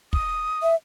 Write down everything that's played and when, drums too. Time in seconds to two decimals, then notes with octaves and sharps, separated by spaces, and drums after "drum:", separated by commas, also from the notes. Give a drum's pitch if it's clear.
0.13 D#6, drum: kick
0.62 E5